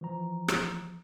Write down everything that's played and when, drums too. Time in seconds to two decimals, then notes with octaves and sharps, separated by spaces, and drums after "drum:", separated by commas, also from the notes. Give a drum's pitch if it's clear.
0.01 E3 F3 A#5
0.48 drum: rim click